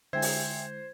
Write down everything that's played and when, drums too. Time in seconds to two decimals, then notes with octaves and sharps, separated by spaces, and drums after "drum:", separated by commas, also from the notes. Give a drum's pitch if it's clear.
0.13 D3 G#3 E4 C5 E5 G5 G#5 G#6
0.22 drum: open hi-hat